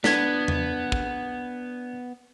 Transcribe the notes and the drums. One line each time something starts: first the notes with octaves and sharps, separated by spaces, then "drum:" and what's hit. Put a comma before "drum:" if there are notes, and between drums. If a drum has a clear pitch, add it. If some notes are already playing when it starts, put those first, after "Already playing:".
B3 D4 G#6 B6, drum: snare
drum: tom E2
drum: kick